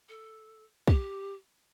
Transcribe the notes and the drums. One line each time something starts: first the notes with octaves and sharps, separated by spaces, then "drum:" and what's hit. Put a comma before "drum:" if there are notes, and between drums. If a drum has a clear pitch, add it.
A4
G4, drum: kick